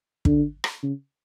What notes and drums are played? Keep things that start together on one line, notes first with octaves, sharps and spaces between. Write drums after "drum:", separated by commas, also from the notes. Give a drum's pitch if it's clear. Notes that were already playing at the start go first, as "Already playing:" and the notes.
D3, drum: kick
drum: rim click
C#3